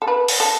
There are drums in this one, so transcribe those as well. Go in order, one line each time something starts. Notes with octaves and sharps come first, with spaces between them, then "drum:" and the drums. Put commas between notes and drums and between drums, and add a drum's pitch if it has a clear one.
A4
B4
drum: open hi-hat
A4